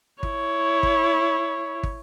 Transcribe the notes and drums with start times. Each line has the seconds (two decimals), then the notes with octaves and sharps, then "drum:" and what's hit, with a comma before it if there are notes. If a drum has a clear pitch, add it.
0.23 E4 C#5, drum: kick
0.83 drum: kick
1.83 drum: kick